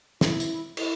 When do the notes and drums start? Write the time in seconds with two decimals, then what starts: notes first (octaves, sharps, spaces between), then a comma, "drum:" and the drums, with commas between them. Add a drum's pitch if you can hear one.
0.21 E4, drum: snare
0.40 drum: tambourine
0.77 E4, drum: cymbal